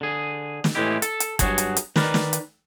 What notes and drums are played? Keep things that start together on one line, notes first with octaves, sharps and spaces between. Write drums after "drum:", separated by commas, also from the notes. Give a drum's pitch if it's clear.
D3 G#4
drum: snare
A2 E3 G#3 E4 G4
A4, drum: hi-hat
drum: hi-hat
G2 F#3 F#4 G#4, drum: kick, hi-hat
drum: hi-hat
drum: hi-hat
D#3 A#4 B4 D5, drum: snare
drum: snare
drum: hi-hat